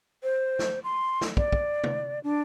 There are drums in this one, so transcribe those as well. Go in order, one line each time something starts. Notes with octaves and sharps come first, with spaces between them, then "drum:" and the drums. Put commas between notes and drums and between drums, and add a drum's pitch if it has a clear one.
C5
drum: snare
C6
drum: snare
D5, drum: kick
drum: kick
drum: tom
D4